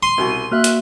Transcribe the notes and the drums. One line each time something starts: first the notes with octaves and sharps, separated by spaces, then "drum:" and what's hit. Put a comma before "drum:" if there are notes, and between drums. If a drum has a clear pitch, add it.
C6 D#7
C2 B2
A#3 F#4 E5 F6 F#6
drum: hi-hat